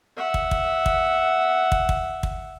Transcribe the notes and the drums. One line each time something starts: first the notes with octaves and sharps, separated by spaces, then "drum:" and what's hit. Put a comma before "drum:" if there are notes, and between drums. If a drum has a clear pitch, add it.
E5 F#5
drum: kick
drum: kick
drum: kick
drum: kick
drum: kick
drum: kick